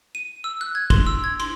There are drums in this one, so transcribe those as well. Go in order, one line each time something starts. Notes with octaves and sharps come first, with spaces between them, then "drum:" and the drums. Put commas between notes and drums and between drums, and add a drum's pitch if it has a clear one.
D#7
E6
F#6
G#6
C6, drum: kick, cymbal
E6
G#6
C6, drum: cymbal